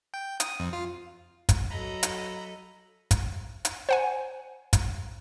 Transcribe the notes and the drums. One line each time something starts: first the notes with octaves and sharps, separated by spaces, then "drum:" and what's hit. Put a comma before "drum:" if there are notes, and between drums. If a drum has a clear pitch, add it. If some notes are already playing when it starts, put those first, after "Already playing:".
G5
D#6, drum: hi-hat
F2
F4
drum: kick, hi-hat
F#3 A4 D#5 A#5 B5
drum: hi-hat
drum: kick, hi-hat
drum: hi-hat
C5 F#5 G#5
drum: kick, hi-hat